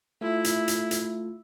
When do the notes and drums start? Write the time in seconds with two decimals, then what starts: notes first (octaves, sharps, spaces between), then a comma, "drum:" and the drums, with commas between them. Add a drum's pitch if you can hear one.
0.21 A3 E4 F4
0.44 drum: hi-hat
0.68 drum: hi-hat
0.91 drum: hi-hat